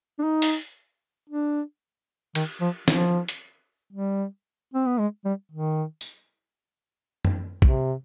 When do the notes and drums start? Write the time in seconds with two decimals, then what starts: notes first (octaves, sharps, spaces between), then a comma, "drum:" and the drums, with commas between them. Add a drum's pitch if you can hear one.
0.19 D4
0.23 D#4
0.42 drum: open hi-hat
1.30 D4
2.35 D#3, drum: cymbal
2.61 F3
2.88 F3, drum: snare
3.29 drum: hi-hat
3.93 G3
4.74 C4
4.86 B3
4.99 G#3
5.25 G3
5.52 D#3
6.01 drum: tambourine
7.25 drum: tom F#2
7.62 C3, drum: kick A#1